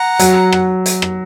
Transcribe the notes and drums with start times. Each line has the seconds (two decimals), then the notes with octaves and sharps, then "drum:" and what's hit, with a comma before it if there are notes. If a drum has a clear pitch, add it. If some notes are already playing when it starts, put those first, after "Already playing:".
Already playing: F#5 A#5
0.19 F#3, drum: hi-hat
0.52 drum: rim click
0.86 drum: hi-hat
1.02 drum: rim click